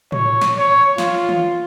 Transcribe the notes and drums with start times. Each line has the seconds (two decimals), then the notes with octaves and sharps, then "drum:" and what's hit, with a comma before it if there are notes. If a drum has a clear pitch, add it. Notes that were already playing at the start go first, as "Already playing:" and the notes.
0.12 C#5, drum: tom A2
0.41 drum: snare
0.57 C#5
0.98 F4, drum: snare
1.29 drum: tom D#3